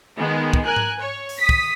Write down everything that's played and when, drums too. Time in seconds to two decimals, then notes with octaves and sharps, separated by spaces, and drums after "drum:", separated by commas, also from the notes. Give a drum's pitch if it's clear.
0.17 D#3 G#3 B3
0.53 drum: kick
0.65 A#4 G#5 F#6
0.76 drum: tom G#2
0.99 C#5
1.29 drum: open hi-hat
1.39 D#6 B6
1.49 drum: kick